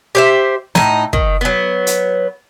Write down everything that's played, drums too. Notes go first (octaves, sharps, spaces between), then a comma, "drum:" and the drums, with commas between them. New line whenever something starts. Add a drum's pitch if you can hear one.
G4 C5 E5
A2 D#4, drum: snare
D#3, drum: kick
F#3 B3
drum: hi-hat